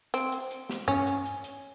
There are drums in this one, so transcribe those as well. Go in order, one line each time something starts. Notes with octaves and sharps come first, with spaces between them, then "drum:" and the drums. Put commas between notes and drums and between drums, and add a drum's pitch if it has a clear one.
C4, drum: hi-hat
drum: hi-hat
drum: hi-hat
drum: snare
C#4, drum: tom G2
drum: hi-hat
drum: hi-hat
drum: hi-hat